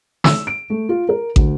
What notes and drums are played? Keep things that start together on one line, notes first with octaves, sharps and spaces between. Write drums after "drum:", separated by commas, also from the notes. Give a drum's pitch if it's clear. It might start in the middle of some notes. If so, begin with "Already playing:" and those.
E6, drum: snare
D7
A3
F4
A#4
D2, drum: kick